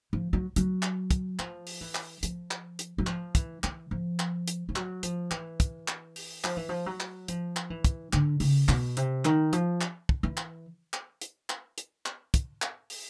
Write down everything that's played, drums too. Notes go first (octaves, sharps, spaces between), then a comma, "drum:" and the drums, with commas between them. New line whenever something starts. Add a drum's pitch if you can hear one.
F3
F#3
F#3, drum: hi-hat
drum: clap
drum: kick, hi-hat
F3, drum: clap
drum: open hi-hat
E3
drum: clap
F3, drum: hi-hat
drum: clap
drum: hi-hat
F#3
F3, drum: clap
E3, drum: kick, hi-hat
E3, drum: clap
F3
drum: clap
drum: hi-hat
F3
F#3, drum: clap
F3, drum: hi-hat
E3, drum: clap
drum: kick, hi-hat
drum: clap
drum: open hi-hat
F3, drum: clap
E3
F3
F#3
drum: clap
F3, drum: hi-hat
drum: clap
E3
drum: kick, hi-hat
D3, drum: clap
C#3, drum: open hi-hat
B2, drum: clap
C3, drum: hi-hat
D#3, drum: clap
F3, drum: hi-hat
drum: clap
drum: kick
E3
drum: clap
drum: clap
drum: hi-hat
drum: clap
drum: hi-hat
drum: clap
drum: kick, hi-hat
drum: clap
drum: open hi-hat